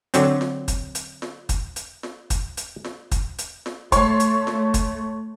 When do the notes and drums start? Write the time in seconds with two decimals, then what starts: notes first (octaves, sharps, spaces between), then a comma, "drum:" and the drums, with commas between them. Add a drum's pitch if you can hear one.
0.14 D3 F#3 C4, drum: hi-hat
0.41 drum: snare
0.68 drum: kick, hi-hat
0.95 drum: hi-hat
1.22 drum: snare
1.49 drum: kick, hi-hat
1.76 drum: hi-hat
2.03 drum: snare
2.30 drum: kick, hi-hat
2.57 drum: hi-hat
2.84 drum: snare
3.12 drum: kick, hi-hat
3.39 drum: hi-hat
3.66 drum: snare
3.92 A3 C#5 C6, drum: kick, hi-hat
4.20 drum: hi-hat
4.47 drum: snare
4.74 drum: kick, hi-hat